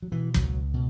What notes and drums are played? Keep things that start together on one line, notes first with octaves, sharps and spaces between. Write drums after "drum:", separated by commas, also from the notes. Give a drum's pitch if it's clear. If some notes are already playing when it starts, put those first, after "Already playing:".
F#3
B2 E3
F#3, drum: kick
C#2
B2